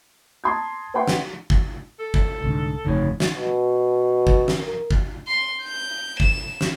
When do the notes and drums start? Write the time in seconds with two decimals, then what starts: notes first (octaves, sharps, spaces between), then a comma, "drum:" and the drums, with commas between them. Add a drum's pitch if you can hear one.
0.44 A5 A#5 C6 D#6 G#6
0.94 B4 E5 F#5 G5 C6
1.07 drum: snare
1.50 drum: kick
2.00 A4
2.14 drum: kick
2.42 C2 G#2 D3
2.85 G1 F2 A2 C#3 D#4 C#5
3.20 drum: snare
3.35 B2
4.27 drum: kick
4.48 drum: snare
4.60 A#4
4.90 drum: kick
5.27 C6
5.63 G6
6.20 E7, drum: kick
6.61 drum: snare